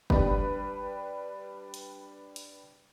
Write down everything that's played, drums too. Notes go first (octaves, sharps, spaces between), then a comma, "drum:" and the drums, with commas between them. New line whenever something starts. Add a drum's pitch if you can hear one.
G3 D4 B4, drum: kick
drum: hi-hat
drum: hi-hat